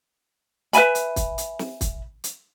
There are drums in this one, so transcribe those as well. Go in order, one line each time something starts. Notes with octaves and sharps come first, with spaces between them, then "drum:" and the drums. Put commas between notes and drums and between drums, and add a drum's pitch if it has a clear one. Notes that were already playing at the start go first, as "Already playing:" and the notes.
B4 E5 G#5 B5, drum: hi-hat
drum: hi-hat
drum: kick, hi-hat
drum: hi-hat
drum: snare
drum: kick, hi-hat
drum: hi-hat